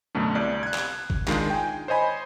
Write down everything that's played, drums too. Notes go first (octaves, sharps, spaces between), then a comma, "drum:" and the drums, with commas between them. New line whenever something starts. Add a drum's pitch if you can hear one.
F#2 B2 D3 A3
C2 D5
F#6 G#6
drum: clap
drum: kick G#1
D#3 G#3 D4 D#4 F4, drum: clap
G5 G#5
C5 C#5 D#5 G#5 B5